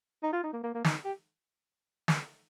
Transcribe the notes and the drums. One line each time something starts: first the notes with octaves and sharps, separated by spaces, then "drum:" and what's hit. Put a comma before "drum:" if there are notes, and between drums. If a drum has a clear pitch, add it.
D#4
F4
D#4
A#3
A#3
A#3
D#4, drum: snare
G4
drum: snare